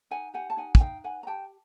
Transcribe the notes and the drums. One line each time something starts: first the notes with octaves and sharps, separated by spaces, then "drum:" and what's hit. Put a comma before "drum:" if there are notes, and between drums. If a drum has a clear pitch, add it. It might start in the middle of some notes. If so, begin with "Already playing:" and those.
D#4 F#5 G#5
G4 F#5 G#5
A5
D#4 F#5 G#5
G#5, drum: kick
D#4 F5 G5
B4 F#5 G#5
A#5
G4 G5 A5